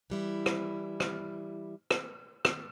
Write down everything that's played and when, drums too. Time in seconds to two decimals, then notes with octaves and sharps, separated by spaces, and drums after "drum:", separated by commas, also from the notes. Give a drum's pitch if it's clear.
0.10 E3 G3 E4
0.46 drum: rim click
1.00 drum: rim click
1.91 drum: rim click
2.45 drum: rim click